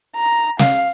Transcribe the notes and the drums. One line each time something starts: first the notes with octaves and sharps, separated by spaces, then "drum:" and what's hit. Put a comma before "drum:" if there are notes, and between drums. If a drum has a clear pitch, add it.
A#5
F5, drum: snare